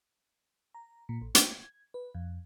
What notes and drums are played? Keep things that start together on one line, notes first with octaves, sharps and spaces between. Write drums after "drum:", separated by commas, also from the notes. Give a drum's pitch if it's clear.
A#5
A#2
A1
G5, drum: hi-hat
G#6
B4
F2